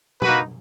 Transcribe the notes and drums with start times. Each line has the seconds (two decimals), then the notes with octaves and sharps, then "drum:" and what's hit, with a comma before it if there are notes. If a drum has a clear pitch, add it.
0.22 A#3 D#4 F#4 B4, drum: tom